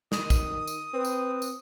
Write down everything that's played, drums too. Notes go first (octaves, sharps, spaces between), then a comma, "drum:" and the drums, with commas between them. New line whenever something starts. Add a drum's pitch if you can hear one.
D#3 D#6, drum: snare
drum: kick, tambourine
drum: tambourine
C4 B4
drum: tambourine
drum: tambourine